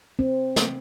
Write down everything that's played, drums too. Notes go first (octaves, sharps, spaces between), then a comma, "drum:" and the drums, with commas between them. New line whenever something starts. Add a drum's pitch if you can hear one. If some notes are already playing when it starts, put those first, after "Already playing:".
C4
drum: snare